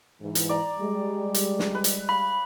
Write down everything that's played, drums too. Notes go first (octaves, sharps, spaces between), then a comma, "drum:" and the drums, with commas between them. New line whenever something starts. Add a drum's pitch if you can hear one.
G#2 E3
drum: hi-hat
D5 A#5
G3 G#3
drum: hi-hat
drum: snare
B4
drum: hi-hat
F5 B5